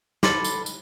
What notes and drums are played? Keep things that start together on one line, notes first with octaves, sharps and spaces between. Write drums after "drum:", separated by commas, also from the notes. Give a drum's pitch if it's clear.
A4 B5 C6 D6, drum: snare
drum: tambourine
drum: tambourine